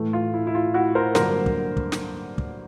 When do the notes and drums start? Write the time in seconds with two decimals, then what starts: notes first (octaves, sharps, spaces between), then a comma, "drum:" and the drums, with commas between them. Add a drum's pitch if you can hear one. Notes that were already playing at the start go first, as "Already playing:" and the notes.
Already playing: A2 E3 A3
0.13 F4
0.34 E4
0.47 E4
0.55 F4
0.74 E4 F#4
0.95 A#4 C5
1.15 G2 D3 F#3 A#3 A#4 C5, drum: snare
1.46 drum: kick
1.77 drum: kick
1.92 drum: snare
2.38 drum: kick